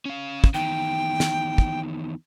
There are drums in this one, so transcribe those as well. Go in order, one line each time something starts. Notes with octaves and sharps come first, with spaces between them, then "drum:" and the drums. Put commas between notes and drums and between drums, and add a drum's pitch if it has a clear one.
C#4 F5
drum: kick
E2 D#3 G5
drum: snare
drum: kick